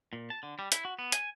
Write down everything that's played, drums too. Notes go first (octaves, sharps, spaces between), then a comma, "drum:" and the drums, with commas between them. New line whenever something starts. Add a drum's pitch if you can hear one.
A#2
A5
D3
G3
E4, drum: hi-hat
F#4
B3
G#5, drum: hi-hat